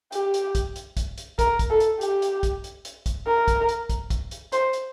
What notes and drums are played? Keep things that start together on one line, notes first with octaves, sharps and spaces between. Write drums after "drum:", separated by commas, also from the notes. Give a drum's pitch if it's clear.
G4, drum: hi-hat
drum: hi-hat
drum: kick, hi-hat
drum: hi-hat
drum: kick, hi-hat
drum: hi-hat
A#4, drum: kick, hi-hat
drum: kick, hi-hat
A4
drum: hi-hat
G4, drum: hi-hat
drum: hi-hat
drum: kick, hi-hat
drum: hi-hat
drum: hi-hat
drum: kick, hi-hat
A#4
drum: kick, hi-hat
drum: hi-hat
drum: kick, hi-hat
drum: kick, hi-hat
drum: hi-hat
C5, drum: hi-hat
drum: hi-hat